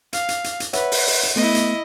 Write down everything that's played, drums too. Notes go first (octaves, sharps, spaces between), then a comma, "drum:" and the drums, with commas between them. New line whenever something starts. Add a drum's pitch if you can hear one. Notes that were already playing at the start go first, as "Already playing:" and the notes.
F5, drum: hi-hat
drum: hi-hat
drum: hi-hat
drum: hi-hat
B4 C#5 E5 F#5, drum: hi-hat
drum: open hi-hat
drum: open hi-hat
drum: hi-hat
A3 B3 E4 D#5
drum: hi-hat